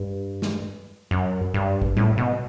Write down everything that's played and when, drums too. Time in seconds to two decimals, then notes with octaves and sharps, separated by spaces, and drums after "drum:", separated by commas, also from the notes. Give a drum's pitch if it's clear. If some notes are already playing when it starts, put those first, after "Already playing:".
Already playing: G2
0.42 drum: snare
1.11 F#2
1.54 G2
1.82 drum: kick
1.97 A2, drum: tom G3
2.18 B2